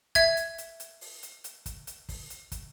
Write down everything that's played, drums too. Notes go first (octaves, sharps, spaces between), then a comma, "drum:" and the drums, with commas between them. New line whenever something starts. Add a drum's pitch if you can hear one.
E5 G#6, drum: kick, hi-hat
drum: hi-hat
drum: hi-hat
drum: hi-hat
drum: open hi-hat
drum: hi-hat
drum: hi-hat
drum: kick, hi-hat
drum: hi-hat
drum: kick, open hi-hat
drum: hi-hat
drum: kick, hi-hat